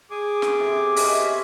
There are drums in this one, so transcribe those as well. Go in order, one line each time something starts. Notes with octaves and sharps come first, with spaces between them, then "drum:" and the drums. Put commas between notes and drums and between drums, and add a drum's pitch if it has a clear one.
G#4 D6
drum: snare
C3 A4
C3 C#4 A4 D#5 E5, drum: open hi-hat